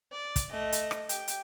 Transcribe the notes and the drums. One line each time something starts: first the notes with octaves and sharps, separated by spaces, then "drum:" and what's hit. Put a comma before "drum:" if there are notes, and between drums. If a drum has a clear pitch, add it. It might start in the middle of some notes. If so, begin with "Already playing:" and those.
D5
drum: kick, hi-hat
A3 D#5
drum: hi-hat
drum: rim click
G4 G5, drum: hi-hat
drum: hi-hat